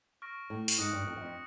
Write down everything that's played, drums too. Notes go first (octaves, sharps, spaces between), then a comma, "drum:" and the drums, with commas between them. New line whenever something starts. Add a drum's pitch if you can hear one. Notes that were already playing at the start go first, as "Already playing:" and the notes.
C#6 F6 A#6 D7
A2
drum: open hi-hat
G#2 D#6 F#6 A#6 C#7
G2
F2
F#2
F2